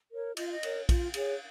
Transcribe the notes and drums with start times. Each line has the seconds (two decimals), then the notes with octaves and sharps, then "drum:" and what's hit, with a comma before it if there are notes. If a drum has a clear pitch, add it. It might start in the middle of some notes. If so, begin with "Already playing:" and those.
0.11 A#4 C#5
0.37 F4 D#5, drum: cymbal
0.45 F5
0.52 D#5
0.63 A#4 C#5, drum: cymbal
0.89 F4, drum: kick A#1, cymbal
1.14 G#4 C#5, drum: cymbal